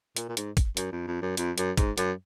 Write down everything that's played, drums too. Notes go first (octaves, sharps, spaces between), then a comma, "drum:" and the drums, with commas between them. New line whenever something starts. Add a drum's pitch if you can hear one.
A#2, drum: hi-hat
A#2
G#2, drum: hi-hat
drum: kick, hi-hat
F#2, drum: hi-hat
F2
F2
F#2
F2, drum: hi-hat
F#2, drum: hi-hat
G#2, drum: kick, hi-hat
F#2, drum: hi-hat